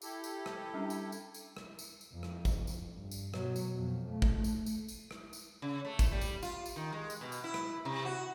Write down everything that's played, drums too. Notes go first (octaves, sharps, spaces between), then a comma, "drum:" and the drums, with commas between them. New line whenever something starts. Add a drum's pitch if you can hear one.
E4 G4 A4, drum: tambourine
drum: tambourine
drum: rim click
G3 C#4 D4
drum: tambourine
drum: tambourine
drum: tambourine
drum: rim click
drum: tambourine
drum: tambourine
F2
drum: rim click
drum: kick, tambourine
drum: tambourine
G2
drum: tambourine
B2 F#3, drum: rim click
drum: tambourine
F2 B2
A3
drum: kick
drum: tambourine
drum: tambourine
drum: tambourine
drum: rim click
drum: tambourine
C#3
A3
drum: kick, tambourine
G3
drum: tambourine
F4, drum: tambourine
drum: tambourine
D#3
G#3
drum: tambourine
B2
drum: tambourine
E4
drum: rim click
C3
F#4